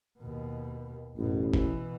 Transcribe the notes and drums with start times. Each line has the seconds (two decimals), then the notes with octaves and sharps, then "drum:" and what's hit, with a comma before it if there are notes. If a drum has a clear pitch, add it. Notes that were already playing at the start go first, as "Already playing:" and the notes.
0.19 D#2 B2
1.17 A1 F#2 B2
1.54 B2 E3, drum: kick F#1